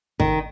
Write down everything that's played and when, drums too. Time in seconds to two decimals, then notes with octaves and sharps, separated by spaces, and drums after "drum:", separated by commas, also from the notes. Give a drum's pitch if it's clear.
0.20 D#3, drum: kick G#1